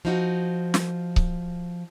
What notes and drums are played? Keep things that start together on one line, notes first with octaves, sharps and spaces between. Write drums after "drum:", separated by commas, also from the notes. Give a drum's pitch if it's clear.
F3 D#4 F#4
drum: snare
drum: kick C#1